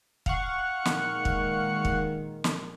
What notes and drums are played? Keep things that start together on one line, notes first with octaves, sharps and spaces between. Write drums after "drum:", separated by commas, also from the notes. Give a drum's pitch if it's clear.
F5 F#5 C#6, drum: kick
A#2 D#3 G#3, drum: snare
drum: kick
drum: kick
drum: snare